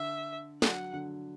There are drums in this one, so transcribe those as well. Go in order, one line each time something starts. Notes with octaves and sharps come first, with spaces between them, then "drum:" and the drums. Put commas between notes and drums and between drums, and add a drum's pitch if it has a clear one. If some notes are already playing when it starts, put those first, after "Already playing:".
Already playing: D3 E5
F#3 F#5, drum: snare
D3